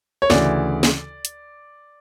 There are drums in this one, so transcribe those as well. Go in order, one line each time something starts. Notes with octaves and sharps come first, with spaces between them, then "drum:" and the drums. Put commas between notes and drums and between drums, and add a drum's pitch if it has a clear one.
C#5
D2 C#3 E3 D5, drum: snare
drum: snare
drum: hi-hat